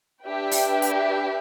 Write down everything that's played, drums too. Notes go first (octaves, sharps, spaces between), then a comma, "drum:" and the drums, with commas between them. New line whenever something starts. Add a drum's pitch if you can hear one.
D4 G4 B4 E5 G5
drum: open hi-hat
drum: hi-hat